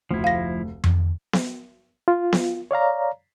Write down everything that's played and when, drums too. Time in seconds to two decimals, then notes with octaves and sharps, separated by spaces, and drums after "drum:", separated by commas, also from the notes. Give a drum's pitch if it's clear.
0.11 F1 D2 F3 E4
0.24 F5 A#6
0.84 drum: tom F2
1.33 drum: snare B3
2.08 F4
2.33 drum: snare B3
2.71 C#5 D5 F5 A#5